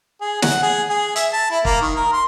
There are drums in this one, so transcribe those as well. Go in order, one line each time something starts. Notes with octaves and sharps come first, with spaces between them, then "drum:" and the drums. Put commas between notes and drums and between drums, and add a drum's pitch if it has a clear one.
G#4
F#5, drum: snare
G#4
G#4
E5, drum: hi-hat
A5
E4
A#3, drum: kick
D#3
A#4
C6